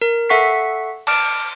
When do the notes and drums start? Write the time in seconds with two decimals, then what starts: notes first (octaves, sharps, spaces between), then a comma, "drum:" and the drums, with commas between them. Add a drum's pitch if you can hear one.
0.02 A#4
0.29 A4 E5 F#5 C#6 B6 C7
1.07 A5 D6 F6 D7, drum: cymbal